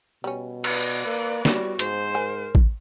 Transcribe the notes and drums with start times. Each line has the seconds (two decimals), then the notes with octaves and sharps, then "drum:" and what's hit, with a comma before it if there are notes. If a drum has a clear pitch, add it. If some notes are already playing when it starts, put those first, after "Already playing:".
0.24 B2 G3 C#4
0.64 B4 D5, drum: cymbal
1.06 A#3
1.45 G3 B3 C#4 E4 F#4, drum: snare
1.79 G#2 C5, drum: hi-hat
2.15 A#4 G#5
2.55 drum: kick A1